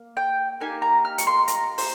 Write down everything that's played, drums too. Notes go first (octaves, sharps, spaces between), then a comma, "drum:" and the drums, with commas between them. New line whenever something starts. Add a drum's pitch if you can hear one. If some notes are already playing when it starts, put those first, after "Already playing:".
Already playing: A#3
G5
A#3 D#4 G4 G#5
A#5
F6
C#6, drum: hi-hat
C6
A#5, drum: hi-hat
C5, drum: open hi-hat